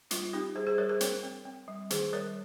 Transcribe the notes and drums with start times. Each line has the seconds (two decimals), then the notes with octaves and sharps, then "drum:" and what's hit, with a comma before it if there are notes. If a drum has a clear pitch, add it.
0.11 G3 F4, drum: hi-hat
0.33 C4 D#4 G4
0.55 G3 G#4 C5
0.67 G#4 C5
0.78 G3 A#4 C#5
0.89 G#4 C5
1.01 C4 A#4 C#5, drum: hi-hat
1.23 C4
1.45 C4
1.68 G3
1.90 D#3 G#4 C5, drum: hi-hat
2.13 G3 A#4 C#5